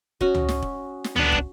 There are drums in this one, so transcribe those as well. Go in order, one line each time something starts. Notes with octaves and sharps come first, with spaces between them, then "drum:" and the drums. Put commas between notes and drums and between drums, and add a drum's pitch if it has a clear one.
C#4 F#4 D#5, drum: kick
drum: tom C#2
drum: snare
drum: kick
drum: snare
B3 D4, drum: tom C#2
drum: kick